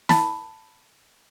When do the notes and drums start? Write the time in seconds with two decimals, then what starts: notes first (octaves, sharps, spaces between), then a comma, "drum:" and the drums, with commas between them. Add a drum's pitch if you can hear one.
0.09 A5 B5, drum: snare